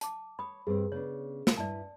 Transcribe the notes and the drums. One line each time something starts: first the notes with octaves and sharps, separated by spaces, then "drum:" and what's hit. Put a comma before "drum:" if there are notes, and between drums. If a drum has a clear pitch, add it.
A5 D6, drum: hi-hat
C#5 B5 D#6
G2 C4 G#4
C#3 B3 D4 C#5
drum: snare
G2 E4 D5 A5